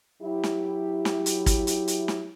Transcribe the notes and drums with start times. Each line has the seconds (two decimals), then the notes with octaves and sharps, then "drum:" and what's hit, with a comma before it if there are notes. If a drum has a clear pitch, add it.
0.23 F#3 E4 G4
0.43 drum: snare
1.05 drum: snare
1.26 drum: hi-hat
1.46 drum: kick, hi-hat
1.67 drum: hi-hat
1.88 drum: hi-hat
2.08 drum: snare